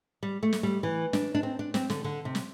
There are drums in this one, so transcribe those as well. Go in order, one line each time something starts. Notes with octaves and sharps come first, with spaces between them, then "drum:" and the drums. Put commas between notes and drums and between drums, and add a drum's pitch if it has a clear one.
G3
A3
drum: snare
G3
E3
D4, drum: snare
D4
C4
D4
C4, drum: snare
D3, drum: snare
D3
C3
drum: snare